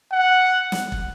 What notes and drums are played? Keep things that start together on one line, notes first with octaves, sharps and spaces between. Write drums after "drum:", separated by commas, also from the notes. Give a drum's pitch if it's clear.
F#5
drum: snare
drum: kick